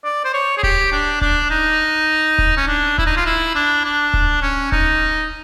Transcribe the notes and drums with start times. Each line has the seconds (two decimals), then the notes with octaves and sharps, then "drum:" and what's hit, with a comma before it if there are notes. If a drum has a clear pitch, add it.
0.04 D5
0.25 C5
0.34 C#5
0.58 G#4
0.63 G4, drum: kick D1
0.92 D4
1.21 D4, drum: kick D1
1.50 D#4
2.38 drum: kick D1
2.57 C#4
2.68 D4
2.98 E4, drum: kick D1
3.06 D#4
3.17 F4
3.26 E4
3.55 D4
3.85 D4
4.14 drum: kick D1
4.42 C#4
4.72 D#4, drum: kick D1